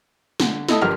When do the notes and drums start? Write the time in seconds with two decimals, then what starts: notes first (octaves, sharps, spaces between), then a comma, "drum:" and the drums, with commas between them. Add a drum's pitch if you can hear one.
0.40 D3, drum: snare
0.69 E4 A4 D#5 A5 D#6, drum: snare
0.81 G1 G2 F3 G4 A#4 F6